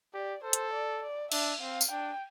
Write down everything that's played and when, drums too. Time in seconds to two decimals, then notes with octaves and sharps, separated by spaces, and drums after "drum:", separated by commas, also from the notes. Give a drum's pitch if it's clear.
0.14 G4 D5
0.43 A4 C5
0.53 drum: hi-hat
0.74 D5
1.03 D5
1.32 D4 E5, drum: cymbal
1.61 C4 F5
1.81 drum: tambourine
1.91 D4 G5